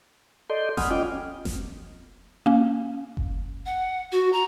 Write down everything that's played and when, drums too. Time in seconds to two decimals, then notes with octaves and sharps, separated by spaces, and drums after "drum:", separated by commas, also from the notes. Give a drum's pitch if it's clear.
0.50 A4 D5 D#5 C6 G6
0.77 F#5 G#5 B5 D#6 F6, drum: snare F1
0.91 C#4 F4 D#5 G5 D6 F6
1.45 drum: snare F1
2.46 A#3 C#4
3.17 drum: kick F#1
3.66 F#5
4.12 F#4
4.33 A#5